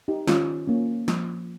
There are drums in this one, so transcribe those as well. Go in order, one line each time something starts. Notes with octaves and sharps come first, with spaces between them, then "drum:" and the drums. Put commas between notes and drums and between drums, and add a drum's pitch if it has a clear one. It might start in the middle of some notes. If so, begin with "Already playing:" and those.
D#4 G4
D#3 C#4 F4, drum: snare
A#3 C#4
F3, drum: snare